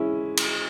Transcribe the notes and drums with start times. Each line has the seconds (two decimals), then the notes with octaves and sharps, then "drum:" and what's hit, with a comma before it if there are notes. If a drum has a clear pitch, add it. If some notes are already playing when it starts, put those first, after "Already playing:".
Already playing: G#3 C#4 E4
0.37 drum: cymbal